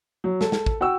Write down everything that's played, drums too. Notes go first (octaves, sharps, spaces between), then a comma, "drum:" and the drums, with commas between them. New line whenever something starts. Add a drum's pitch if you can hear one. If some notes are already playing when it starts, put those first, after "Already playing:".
F#3
A4, drum: snare
drum: snare
drum: kick
F#4 F#5 G5 C#6 E6